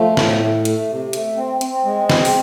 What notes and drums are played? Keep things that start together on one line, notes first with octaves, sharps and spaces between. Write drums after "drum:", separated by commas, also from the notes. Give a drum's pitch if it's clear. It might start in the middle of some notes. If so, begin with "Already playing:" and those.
Already playing: F3 A3
A2, drum: snare
A3
A3, drum: hi-hat
C3
A3, drum: hi-hat
C4
C4, drum: hi-hat
G#3
C4, drum: snare
drum: open hi-hat